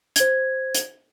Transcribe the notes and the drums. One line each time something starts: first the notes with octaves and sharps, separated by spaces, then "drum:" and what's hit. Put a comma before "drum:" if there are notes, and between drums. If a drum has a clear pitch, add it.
C5 G#6, drum: hi-hat
drum: hi-hat